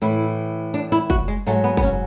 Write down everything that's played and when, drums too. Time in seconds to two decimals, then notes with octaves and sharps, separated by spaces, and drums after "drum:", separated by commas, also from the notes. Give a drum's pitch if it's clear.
0.02 A2 E3 E4
0.74 D4, drum: tambourine
0.92 E4
1.10 F#4, drum: kick
1.28 G#3
1.46 G#2 F#3 A3
1.64 B3
1.77 B3, drum: kick
1.82 C#4